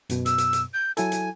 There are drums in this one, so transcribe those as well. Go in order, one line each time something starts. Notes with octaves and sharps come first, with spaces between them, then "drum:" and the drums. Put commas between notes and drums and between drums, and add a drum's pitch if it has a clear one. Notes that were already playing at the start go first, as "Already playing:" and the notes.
F#2 B2, drum: hi-hat
E6, drum: hi-hat
drum: hi-hat
drum: hi-hat
G6
F#3 E4 A4 G#5, drum: hi-hat
drum: hi-hat